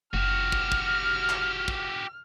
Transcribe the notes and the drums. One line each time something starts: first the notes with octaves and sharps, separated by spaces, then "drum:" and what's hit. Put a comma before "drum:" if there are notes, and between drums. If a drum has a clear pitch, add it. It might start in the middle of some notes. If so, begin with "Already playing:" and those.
F#1 F#4 G4 F6
drum: kick
drum: kick
drum: clap
drum: kick